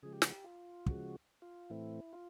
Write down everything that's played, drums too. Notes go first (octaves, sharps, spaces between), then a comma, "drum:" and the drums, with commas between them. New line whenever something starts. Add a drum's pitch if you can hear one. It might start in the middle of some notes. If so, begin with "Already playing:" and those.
C#3 F3 G#3 G#4
G4
F#4, drum: snare
G4
F4
C#3 F3 G#3 F#4, drum: kick
F4
A2 E3 A3 C4 E4
F4